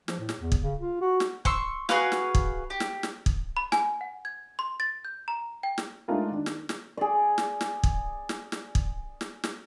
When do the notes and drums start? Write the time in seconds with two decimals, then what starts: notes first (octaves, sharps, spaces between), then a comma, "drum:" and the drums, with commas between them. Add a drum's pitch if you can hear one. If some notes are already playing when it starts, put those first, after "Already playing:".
0.08 F3, drum: snare
0.19 A2
0.29 drum: snare
0.40 E2
0.52 drum: kick
0.63 C#3
0.79 F4
1.01 F#4
1.20 drum: snare
1.45 C6 C#6 E6, drum: kick
1.89 F#4 G#4 B4 F5, drum: snare
2.12 drum: snare
2.35 drum: kick
2.70 G4
2.80 drum: snare
3.03 drum: snare
3.26 drum: kick
3.57 B5
3.72 G#5, drum: snare
4.01 F#5
4.25 G#6
4.59 C6
4.80 A6
5.05 G6
5.28 A#5
5.63 G5
5.78 drum: snare
6.08 G#3 A3 D4 D#4 F4 A#4
6.30 D#3 D4
6.46 drum: snare
6.69 drum: snare
6.97 G#4 D5
7.38 drum: snare
7.61 drum: snare
7.83 drum: kick
8.29 drum: snare
8.52 drum: snare
8.75 drum: kick
9.21 drum: snare
9.44 drum: snare